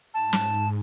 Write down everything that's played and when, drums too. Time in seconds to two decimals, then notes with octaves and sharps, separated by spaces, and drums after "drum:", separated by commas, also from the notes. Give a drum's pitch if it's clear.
0.14 G#2 A5
0.33 drum: snare